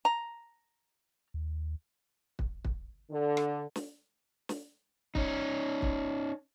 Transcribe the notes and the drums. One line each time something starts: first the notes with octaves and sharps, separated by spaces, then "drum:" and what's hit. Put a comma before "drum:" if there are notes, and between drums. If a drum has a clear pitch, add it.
A#5
D#2
drum: kick
drum: kick
D3
drum: rim click
drum: snare
drum: snare
C#4 D#4, drum: kick
drum: kick